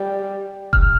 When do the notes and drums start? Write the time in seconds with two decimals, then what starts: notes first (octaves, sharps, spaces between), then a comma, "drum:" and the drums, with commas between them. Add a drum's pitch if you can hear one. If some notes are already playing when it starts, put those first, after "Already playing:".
Already playing: G3
0.73 F6, drum: kick E1